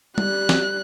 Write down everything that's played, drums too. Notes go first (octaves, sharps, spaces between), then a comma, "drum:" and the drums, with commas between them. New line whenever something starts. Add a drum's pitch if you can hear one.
G3 F#6, drum: tom G3
drum: snare